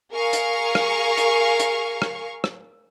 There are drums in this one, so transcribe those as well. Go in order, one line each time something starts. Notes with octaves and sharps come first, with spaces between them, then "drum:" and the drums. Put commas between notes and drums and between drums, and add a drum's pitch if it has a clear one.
G#4 A#4 F5 C#6
drum: hi-hat
drum: rim click
drum: hi-hat
drum: hi-hat
drum: rim click
drum: rim click